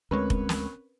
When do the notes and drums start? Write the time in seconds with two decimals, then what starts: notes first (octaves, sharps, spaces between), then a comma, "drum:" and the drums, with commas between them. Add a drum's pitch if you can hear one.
0.11 D2 G#3 C4 C#4 A#4 B4 C#5
0.30 drum: kick F1
0.49 drum: snare